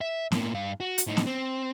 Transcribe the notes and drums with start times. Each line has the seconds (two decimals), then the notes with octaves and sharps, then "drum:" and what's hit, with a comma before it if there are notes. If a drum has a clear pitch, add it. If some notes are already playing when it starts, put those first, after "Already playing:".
0.01 E5
0.32 A2 A#3, drum: snare
0.53 G2 F5
0.80 F#4
0.98 drum: hi-hat
1.07 A2 D#4
1.17 drum: snare
1.26 C4